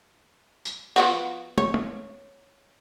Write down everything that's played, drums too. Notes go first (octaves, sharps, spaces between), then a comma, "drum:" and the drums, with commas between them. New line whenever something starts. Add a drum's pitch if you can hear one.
drum: tambourine
F3 B3 F#4, drum: open hi-hat
C#5, drum: tom
drum: tom